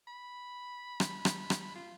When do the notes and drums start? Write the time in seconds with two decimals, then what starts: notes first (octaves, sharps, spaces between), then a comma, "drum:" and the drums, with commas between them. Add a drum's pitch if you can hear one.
0.07 B5
1.00 drum: rim click
1.25 drum: rim click
1.50 drum: rim click
1.75 F4